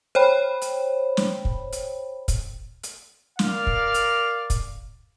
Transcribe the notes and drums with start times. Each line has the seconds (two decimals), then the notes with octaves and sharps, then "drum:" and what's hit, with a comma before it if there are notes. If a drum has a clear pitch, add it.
0.15 C5 C#5 G5 B5
0.62 drum: hi-hat
1.17 drum: snare
1.45 drum: kick
1.73 drum: hi-hat
2.28 drum: kick, hi-hat
2.83 drum: hi-hat
3.39 A#4 D5 F5, drum: snare
3.67 drum: kick
3.94 drum: hi-hat
4.50 drum: kick, hi-hat